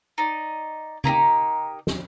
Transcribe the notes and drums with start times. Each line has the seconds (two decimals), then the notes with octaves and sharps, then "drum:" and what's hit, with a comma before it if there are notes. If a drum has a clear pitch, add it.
0.18 D#4 D5
1.04 A#3 D#4 E4 G4, drum: tom C#3
1.87 drum: snare